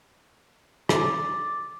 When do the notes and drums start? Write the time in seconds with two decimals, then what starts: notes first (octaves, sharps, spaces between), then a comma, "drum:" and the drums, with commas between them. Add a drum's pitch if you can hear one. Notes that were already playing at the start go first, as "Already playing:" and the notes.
0.89 D5, drum: rim click